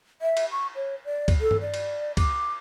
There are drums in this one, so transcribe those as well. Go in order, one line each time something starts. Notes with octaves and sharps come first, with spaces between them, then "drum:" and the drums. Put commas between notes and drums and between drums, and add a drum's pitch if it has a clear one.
E5
drum: cymbal
C#6
C#5
D5
drum: kick C#2, cymbal
A4
drum: tom G2
D5
drum: cymbal
D6, drum: kick C#2, cymbal